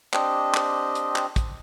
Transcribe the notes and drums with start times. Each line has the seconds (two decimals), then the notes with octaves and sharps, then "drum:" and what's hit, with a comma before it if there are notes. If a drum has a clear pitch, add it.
0.14 C4 D4 G4 D#5, drum: clap
0.54 drum: clap
0.95 drum: hi-hat
1.16 drum: clap
1.36 drum: kick, hi-hat